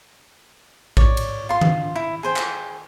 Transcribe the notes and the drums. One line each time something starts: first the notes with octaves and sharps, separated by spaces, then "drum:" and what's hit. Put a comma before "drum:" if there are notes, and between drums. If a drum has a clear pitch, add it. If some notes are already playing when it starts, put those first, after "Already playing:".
C#5 D5, drum: kick A1
drum: cymbal
F4 C6
drum: tom D#3
E4
G#4 C5 G5
drum: clap